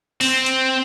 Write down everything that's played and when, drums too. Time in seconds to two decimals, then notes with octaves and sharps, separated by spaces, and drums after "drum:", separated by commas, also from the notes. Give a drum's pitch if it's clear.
0.21 C4, drum: open hi-hat
0.46 drum: hi-hat